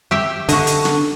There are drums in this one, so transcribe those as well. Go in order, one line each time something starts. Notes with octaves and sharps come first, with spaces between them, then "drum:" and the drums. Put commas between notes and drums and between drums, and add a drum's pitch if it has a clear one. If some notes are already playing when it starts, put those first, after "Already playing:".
G4 E5 G5
D3 F#4 D#5, drum: hi-hat
drum: hi-hat
drum: snare